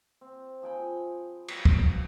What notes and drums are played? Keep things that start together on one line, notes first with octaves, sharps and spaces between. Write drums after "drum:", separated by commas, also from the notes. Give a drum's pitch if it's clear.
C4
F3 G#4 G5 B5
F#3 B3, drum: cymbal
drum: kick